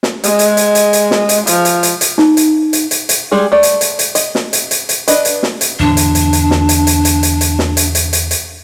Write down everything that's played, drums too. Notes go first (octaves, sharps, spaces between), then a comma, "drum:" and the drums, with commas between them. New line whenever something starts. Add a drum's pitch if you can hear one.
drum: snare
G#3, drum: hi-hat
drum: hi-hat
drum: hi-hat
drum: hi-hat
drum: hi-hat
drum: snare
drum: hi-hat
F3, drum: hi-hat
drum: hi-hat
drum: hi-hat
drum: hi-hat
D#4, drum: snare
drum: hi-hat
drum: hi-hat
drum: hi-hat
drum: hi-hat
G3 G#3 G#4
A3 D5
drum: hi-hat
drum: hi-hat
drum: hi-hat
D#5, drum: hi-hat
drum: snare
drum: hi-hat
drum: hi-hat
drum: hi-hat
D4 B4 D#5, drum: hi-hat
drum: hi-hat
drum: snare
drum: hi-hat
E2 A2 D3 D4
drum: hi-hat
drum: hi-hat
drum: hi-hat
drum: snare
drum: hi-hat
drum: hi-hat
drum: hi-hat
drum: hi-hat
drum: hi-hat
drum: snare
drum: hi-hat
drum: hi-hat
drum: hi-hat
drum: hi-hat